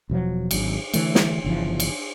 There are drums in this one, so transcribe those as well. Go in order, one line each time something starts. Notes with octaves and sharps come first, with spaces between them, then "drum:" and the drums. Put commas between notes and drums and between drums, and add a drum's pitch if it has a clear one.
E1 B2 F3 F#3
G#1 F#3, drum: cymbal
D3 E3 A3, drum: cymbal
drum: snare
G1 C#3 E3 F3
drum: cymbal